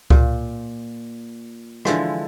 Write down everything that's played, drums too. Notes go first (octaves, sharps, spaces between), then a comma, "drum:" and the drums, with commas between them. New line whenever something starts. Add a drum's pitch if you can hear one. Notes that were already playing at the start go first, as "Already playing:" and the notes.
A#2, drum: kick C#2
D3 E3 F3 G#3, drum: rim click